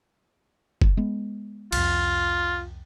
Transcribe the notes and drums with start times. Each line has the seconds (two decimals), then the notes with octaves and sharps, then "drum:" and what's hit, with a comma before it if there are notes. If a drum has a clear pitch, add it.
0.82 drum: kick F#1
0.97 G#3 B3
1.72 C2 F2 F4, drum: cymbal